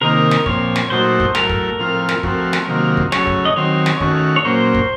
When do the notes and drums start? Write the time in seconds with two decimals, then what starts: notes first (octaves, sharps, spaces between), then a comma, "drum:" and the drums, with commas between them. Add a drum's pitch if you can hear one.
0.01 C3 D#3 A#3 D#4 A#4
0.31 drum: snare
0.46 A#2 F3 C4 C#5, drum: kick
0.76 drum: snare
0.90 A#2 F#3 A3 D#4 F#4 C5
1.20 drum: kick
1.35 A2 F#3 A3 A#4, drum: snare
1.49 drum: kick
1.79 A2 F3 C4 F4
2.09 drum: snare
2.23 F3 A3 C4 F#4, drum: kick
2.53 drum: snare
2.68 C3 D#3 F#3 A#3 F4
2.97 drum: kick
3.12 C#3 F#3 A3 C#5, drum: snare
3.27 drum: kick
3.45 D#5
3.56 D#3 F#3 C4 C#5
3.86 drum: snare
4.00 D#3 A3 C#4 F#4, drum: kick
4.36 C#5
4.44 A#2 F#3 A#3 C#4 C5
4.75 drum: kick